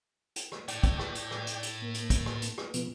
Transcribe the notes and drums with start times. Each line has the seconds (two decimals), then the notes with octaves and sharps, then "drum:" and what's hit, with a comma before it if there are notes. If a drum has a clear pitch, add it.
0.36 drum: hi-hat
0.52 drum: rim click
0.68 A2 D5 G5, drum: hi-hat
0.84 drum: kick, hi-hat
0.99 drum: rim click
1.15 drum: hi-hat
1.31 drum: rim click
1.47 drum: hi-hat
1.63 drum: hi-hat
1.82 A#3
1.94 drum: hi-hat
2.10 drum: kick, hi-hat
2.26 drum: rim click
2.42 drum: hi-hat
2.58 drum: rim click
2.74 B2 F3 B3, drum: hi-hat